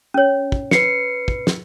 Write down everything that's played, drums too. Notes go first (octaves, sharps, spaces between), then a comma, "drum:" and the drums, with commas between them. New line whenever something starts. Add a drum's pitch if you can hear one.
C#4 C#5
drum: kick
B4 C7 C#7, drum: snare
drum: kick
drum: snare